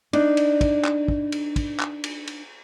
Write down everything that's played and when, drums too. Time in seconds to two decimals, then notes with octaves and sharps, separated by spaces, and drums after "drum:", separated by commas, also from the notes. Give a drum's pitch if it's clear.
0.13 D4 D#4, drum: cymbal
0.37 drum: cymbal
0.61 drum: kick, cymbal
0.85 drum: clap
1.08 drum: kick
1.32 drum: cymbal
1.56 drum: kick, cymbal
1.80 drum: clap
2.04 drum: cymbal
2.27 drum: cymbal